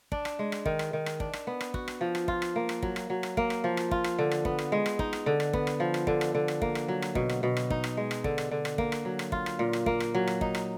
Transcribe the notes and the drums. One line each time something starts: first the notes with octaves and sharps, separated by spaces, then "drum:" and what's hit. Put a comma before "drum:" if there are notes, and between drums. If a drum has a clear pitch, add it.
D4, drum: kick
drum: rim click
G#3
drum: rim click
D#3, drum: kick
drum: rim click
D#3
drum: rim click
D4, drum: kick
drum: rim click
B3
drum: rim click
F#4, drum: kick
drum: rim click
F3
drum: rim click
F4, drum: kick
drum: rim click
A#3
drum: rim click
F#3, drum: kick
drum: rim click
F#3
drum: rim click
A#3, drum: kick
drum: rim click
F3
drum: rim click
F4, drum: kick
drum: rim click
D3
drum: rim click
B3, drum: kick
drum: rim click
G#3
drum: rim click
D#4, drum: kick
drum: rim click
D3
drum: rim click
B3, drum: kick
drum: rim click
F3
drum: rim click
D3, drum: kick
drum: rim click
D3
drum: rim click
A#3, drum: kick
drum: rim click
F#3
drum: rim click
B2, drum: kick
drum: rim click
B2
drum: rim click
D#4, drum: kick
drum: rim click
G#3
drum: rim click
D3, drum: kick
drum: rim click
D3
drum: rim click
A#3, drum: kick
drum: rim click
F#3
drum: rim click
F4, drum: kick
drum: rim click
A#2
drum: rim click
A#3, drum: kick
drum: rim click
F#3
drum: rim click
D#4, drum: kick
drum: rim click